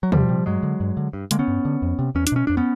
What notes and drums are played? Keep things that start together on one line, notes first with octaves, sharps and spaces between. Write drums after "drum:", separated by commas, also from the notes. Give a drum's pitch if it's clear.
F#3
E2 F3 G3, drum: tom
C3
G2 F#3 G#3
D3
G2
D3
G2
D3 G#3 A#3, drum: hi-hat
B3 C#4
G2
D3
F2
C3
E2 C#4
D4, drum: hi-hat
B2 C#4
F2 D4
B3 C#4